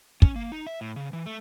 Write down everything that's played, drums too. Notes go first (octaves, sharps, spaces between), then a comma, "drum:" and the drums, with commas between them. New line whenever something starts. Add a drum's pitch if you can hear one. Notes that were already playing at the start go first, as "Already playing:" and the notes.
C#4, drum: kick
A#3
D#4
E5
A2
C#3
E3
A3